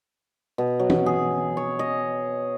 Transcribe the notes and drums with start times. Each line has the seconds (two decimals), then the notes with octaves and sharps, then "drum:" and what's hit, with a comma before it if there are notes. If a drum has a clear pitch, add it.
0.58 B2
0.80 F#3
0.90 drum: tom E3
1.06 G#4
1.57 C#5
1.79 D#5